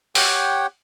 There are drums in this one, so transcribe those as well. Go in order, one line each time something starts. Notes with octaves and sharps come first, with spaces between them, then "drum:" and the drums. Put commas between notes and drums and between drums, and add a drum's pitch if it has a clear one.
G4 C#5 F#5 G5, drum: open hi-hat